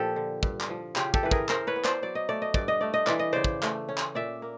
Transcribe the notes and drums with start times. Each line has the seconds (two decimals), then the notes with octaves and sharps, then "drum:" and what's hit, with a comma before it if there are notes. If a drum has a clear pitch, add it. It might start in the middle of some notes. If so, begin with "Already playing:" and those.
Already playing: A#2 F3 G4 A4
0.16 D3
0.43 G2, drum: kick
0.61 drum: clap
0.70 F3
0.96 C#3 F4 G4, drum: clap
1.14 G4 A4, drum: kick
1.23 E3 B4
1.31 G#4 A#4, drum: kick
1.49 E3 A#4 C5, drum: clap
1.67 B4 C#5
1.76 B3
1.84 C5 D5, drum: clap
2.03 F#3 D5
2.15 D#5
2.29 A3 D5
2.42 D#5
2.54 G2 D5, drum: kick
2.68 D#5
2.81 A3 D5
2.94 D#5
3.07 E3 D5, drum: clap
3.19 D#5
3.33 C#3 C5 D5
3.44 drum: kick
3.63 A3, drum: clap
3.89 C#4
3.98 drum: clap
4.15 A#2 D5 E5
4.42 A#3